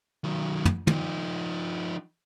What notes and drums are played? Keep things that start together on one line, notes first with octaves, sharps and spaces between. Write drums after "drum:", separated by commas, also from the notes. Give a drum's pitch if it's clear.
D#3 F#3
drum: tom
F3 D#4, drum: tom